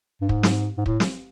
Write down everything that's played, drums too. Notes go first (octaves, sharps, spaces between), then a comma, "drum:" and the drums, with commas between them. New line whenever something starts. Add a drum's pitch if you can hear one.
G2
G#2, drum: kick
drum: snare
G#2
A2, drum: kick
drum: snare